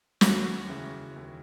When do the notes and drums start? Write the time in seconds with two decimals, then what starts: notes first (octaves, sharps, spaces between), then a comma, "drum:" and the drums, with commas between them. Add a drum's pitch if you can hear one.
0.21 D#2 F#4, drum: snare
0.68 C#3 E3
1.16 D#2